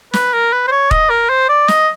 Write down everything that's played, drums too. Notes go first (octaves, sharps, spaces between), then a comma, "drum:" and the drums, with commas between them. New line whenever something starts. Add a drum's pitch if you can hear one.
B4, drum: snare
A#4
B4
C5
C#5
D#5, drum: kick D#1
A#4
C5
D5
D#5, drum: snare